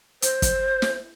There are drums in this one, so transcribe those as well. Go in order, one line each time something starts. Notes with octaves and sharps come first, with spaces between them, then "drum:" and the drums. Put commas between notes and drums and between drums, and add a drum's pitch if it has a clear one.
C5, drum: hi-hat
drum: kick, hi-hat
drum: snare